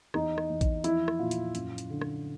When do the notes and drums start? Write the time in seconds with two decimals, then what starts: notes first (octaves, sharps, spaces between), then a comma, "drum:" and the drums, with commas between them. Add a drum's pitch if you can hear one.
0.14 E2 D#4, drum: rim click
0.38 drum: rim click
0.50 E2
0.61 drum: kick, hi-hat
0.84 F3 E4, drum: hi-hat
1.08 drum: rim click
1.19 A#2 F4
1.31 drum: hi-hat
1.55 F#2, drum: hi-hat
1.78 drum: hi-hat
1.90 D3
2.01 drum: rim click